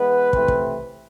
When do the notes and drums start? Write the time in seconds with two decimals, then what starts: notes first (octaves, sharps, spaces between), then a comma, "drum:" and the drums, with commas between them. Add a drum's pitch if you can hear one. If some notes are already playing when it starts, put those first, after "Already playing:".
Already playing: E3 G#3 B3 B4
0.33 C3 E3 A3 C4, drum: kick
0.48 drum: kick